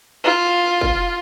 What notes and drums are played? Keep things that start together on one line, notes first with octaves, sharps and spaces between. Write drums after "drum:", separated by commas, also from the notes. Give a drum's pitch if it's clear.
F4
drum: kick